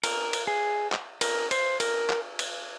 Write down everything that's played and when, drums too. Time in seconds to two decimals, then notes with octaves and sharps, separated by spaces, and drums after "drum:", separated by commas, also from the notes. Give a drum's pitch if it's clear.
0.03 A#4, drum: cymbal
0.33 drum: cymbal
0.47 G#4
0.92 drum: clap
1.21 A#4, drum: cymbal
1.51 C5, drum: cymbal
1.80 A#4, drum: cymbal
2.10 drum: clap
2.39 drum: cymbal